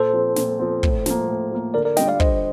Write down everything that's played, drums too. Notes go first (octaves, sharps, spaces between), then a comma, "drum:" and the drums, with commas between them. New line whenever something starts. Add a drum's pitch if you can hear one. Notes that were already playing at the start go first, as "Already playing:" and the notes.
Already playing: A#2 A4 C5
F3 C4
A#2, drum: snare
F3 C4
A2, drum: kick
F3 A#3, drum: snare
A2
F3 A#3
D3 A#4 D5
A#4 D5
G3 D4 F4 D#5 G5, drum: snare
D5 F5
D3 C5 D#5, drum: kick